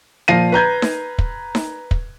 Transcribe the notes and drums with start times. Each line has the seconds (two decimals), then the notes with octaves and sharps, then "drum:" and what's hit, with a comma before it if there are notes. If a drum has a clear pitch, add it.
0.28 A#2 F3 F5 A#6 C7 D#7
0.52 B4 A#5 G6 G#6
0.82 drum: snare D#4
1.18 drum: kick
1.55 drum: snare D#4
1.91 drum: kick